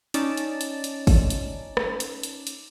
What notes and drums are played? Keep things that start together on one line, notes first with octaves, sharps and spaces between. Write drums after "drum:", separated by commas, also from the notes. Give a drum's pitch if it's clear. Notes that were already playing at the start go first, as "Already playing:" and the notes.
C#4 D#4 D5 A5, drum: hi-hat
drum: hi-hat
drum: hi-hat
drum: hi-hat
drum: kick, open hi-hat
drum: hi-hat
drum: rim click
drum: hi-hat
drum: hi-hat
drum: hi-hat